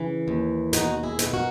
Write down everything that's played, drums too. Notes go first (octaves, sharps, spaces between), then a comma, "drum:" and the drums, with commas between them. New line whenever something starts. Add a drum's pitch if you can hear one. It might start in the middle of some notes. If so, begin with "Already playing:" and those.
Already playing: C#3 E3
D#2
B2 D#4 F#4, drum: hi-hat
E4 G#4
B2, drum: hi-hat
F#4 A#4